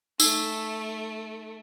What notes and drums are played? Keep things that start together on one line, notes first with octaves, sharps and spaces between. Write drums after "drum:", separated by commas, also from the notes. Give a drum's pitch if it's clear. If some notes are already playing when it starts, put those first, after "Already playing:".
A3 D#4 E6 G7, drum: tambourine